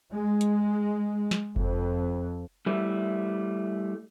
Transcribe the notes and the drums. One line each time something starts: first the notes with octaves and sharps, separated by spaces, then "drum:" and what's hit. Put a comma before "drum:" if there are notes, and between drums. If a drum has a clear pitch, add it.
G#3
drum: hi-hat
drum: snare
F2, drum: kick F#1
G3 A3 E4